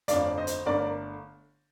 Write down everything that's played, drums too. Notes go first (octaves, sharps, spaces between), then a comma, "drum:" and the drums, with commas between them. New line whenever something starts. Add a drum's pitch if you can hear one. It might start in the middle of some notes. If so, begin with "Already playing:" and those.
G1 F2 D3 A3 D5 F5, drum: hi-hat
C5 D#5
drum: hi-hat
G1 D3 A3 A#4 D5